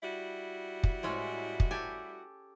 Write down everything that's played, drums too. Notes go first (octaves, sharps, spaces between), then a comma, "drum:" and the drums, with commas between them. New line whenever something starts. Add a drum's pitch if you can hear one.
G3 E4 F#4
drum: kick
A2 G#3 C#4
drum: kick
G4 A4 G#5